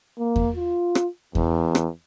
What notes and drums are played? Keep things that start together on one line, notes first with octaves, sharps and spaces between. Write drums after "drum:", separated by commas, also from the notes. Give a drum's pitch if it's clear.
A#3
drum: kick E2
F4
drum: rim click
E2, drum: kick E2
drum: rim click